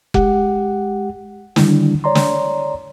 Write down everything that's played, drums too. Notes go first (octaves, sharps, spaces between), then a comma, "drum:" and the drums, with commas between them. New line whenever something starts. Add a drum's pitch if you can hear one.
G#3 G4 F#5, drum: kick F1
D3 D#3 G3 D4 E4, drum: snare
C#5 D5 A#5 C6
drum: snare